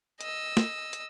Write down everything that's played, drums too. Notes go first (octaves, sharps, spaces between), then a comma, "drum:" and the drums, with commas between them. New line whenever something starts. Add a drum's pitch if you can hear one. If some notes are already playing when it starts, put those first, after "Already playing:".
D#5 E6, drum: hi-hat
drum: snare
drum: hi-hat